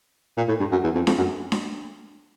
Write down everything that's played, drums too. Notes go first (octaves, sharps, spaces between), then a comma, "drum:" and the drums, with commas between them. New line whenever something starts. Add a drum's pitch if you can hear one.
A#2
A2
G2
F#2
E2
F2
F2, drum: snare D4
F#2
drum: snare D4